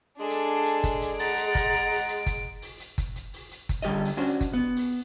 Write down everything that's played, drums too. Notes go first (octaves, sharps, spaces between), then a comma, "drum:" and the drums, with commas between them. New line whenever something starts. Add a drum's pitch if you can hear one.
G#3 D4 G#4 A4 D5
drum: hi-hat
drum: hi-hat
drum: kick F#1, hi-hat
drum: hi-hat
F#5 A#5 A6 D7, drum: open hi-hat
drum: hi-hat
drum: kick F#1, hi-hat
drum: hi-hat
drum: open hi-hat
drum: hi-hat
drum: kick F#1, hi-hat
drum: open hi-hat
drum: hi-hat
drum: kick F#1, hi-hat
drum: hi-hat
drum: open hi-hat
drum: hi-hat
drum: kick F#1, hi-hat
D3 G3 G4 C#5 D#5
drum: open hi-hat
C#4 D4 F#4 C5
drum: kick F#1, hi-hat
B3
drum: open hi-hat